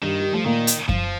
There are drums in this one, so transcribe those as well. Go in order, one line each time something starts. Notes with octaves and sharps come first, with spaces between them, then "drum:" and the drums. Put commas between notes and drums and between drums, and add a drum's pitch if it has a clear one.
G2 D#3 G3
G3
F3 A3
A#2 D#3 A#3
drum: hi-hat
F3, drum: kick F#2